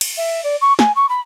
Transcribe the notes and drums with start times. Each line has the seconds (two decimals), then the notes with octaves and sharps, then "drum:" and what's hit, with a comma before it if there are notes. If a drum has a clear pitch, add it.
0.01 drum: cymbal
0.17 E5
0.44 D5
0.61 C#6
0.79 G#5, drum: snare
0.96 C#6
1.09 B5